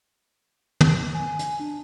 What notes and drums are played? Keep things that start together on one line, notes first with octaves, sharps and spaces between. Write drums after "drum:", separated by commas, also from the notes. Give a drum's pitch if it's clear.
drum: tom
G#5
G#5, drum: hi-hat
D4